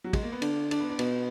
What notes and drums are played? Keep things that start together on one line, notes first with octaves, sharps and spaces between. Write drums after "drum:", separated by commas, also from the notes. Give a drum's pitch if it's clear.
F#3
G#3, drum: kick, cymbal
A#3
B3
D3 D4, drum: cymbal
D4, drum: cymbal
B3
D4
B2 B3, drum: cymbal